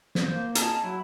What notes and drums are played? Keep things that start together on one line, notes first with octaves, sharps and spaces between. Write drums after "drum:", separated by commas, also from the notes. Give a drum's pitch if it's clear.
drum: snare
A#3 C5
D#4 G#4 A5, drum: hi-hat
F#3 E4